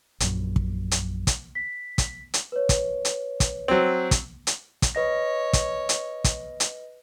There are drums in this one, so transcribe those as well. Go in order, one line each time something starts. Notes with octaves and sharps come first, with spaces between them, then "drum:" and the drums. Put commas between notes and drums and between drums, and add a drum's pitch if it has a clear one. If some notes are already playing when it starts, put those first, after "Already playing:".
A#1 F#2, drum: hi-hat
drum: kick
drum: hi-hat
drum: kick, hi-hat
B6
drum: kick, hi-hat
drum: hi-hat
B4 C#5
drum: kick, hi-hat
drum: hi-hat
drum: kick, hi-hat
F#3 C4
drum: kick, hi-hat
drum: hi-hat
drum: kick, hi-hat
B4 C#5 D#5 A#6
drum: kick, hi-hat
drum: hi-hat
drum: kick, hi-hat
drum: hi-hat